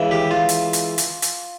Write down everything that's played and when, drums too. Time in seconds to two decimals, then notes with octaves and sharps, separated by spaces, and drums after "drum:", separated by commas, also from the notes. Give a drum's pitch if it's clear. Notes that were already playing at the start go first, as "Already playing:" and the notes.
Already playing: C#2 C#3 E3
0.11 G4
0.31 F4
0.49 drum: hi-hat
0.73 drum: hi-hat
0.98 drum: hi-hat
1.22 drum: hi-hat